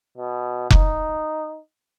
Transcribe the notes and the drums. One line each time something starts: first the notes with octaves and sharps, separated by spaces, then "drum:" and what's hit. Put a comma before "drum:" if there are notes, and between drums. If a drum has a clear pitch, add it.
B2
D#4, drum: kick F1